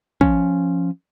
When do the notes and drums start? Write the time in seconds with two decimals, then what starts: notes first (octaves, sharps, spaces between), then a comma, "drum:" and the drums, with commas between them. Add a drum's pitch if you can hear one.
0.21 F3 C#4, drum: kick